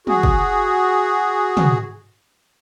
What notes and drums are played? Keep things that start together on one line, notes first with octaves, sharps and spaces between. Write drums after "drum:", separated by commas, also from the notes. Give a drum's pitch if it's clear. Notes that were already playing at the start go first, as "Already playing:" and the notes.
F#4 G#4, drum: tom
drum: kick
drum: tom